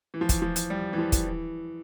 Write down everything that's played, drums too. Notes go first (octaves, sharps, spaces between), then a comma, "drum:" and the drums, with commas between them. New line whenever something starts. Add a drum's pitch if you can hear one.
E3
F3
E3, drum: kick, hi-hat
F3
drum: hi-hat
G3
E3
F3
drum: kick, hi-hat
E3